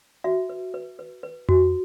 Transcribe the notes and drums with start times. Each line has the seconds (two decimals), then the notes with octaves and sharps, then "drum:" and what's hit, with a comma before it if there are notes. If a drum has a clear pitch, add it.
0.24 F#4 E5
0.49 B4
0.74 B4
0.99 B4
1.23 B4
1.49 F#4, drum: tom F2